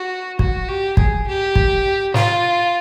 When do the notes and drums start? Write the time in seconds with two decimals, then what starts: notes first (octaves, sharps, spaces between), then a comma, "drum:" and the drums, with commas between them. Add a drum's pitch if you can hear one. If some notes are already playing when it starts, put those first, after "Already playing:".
Already playing: F#4
0.39 F#4, drum: kick
0.68 G4
0.97 G#4, drum: kick
1.27 G4
1.56 drum: kick
2.14 F4, drum: snare